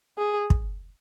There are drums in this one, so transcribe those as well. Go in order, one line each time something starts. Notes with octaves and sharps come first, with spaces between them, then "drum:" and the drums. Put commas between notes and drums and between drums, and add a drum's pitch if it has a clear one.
G#4
drum: kick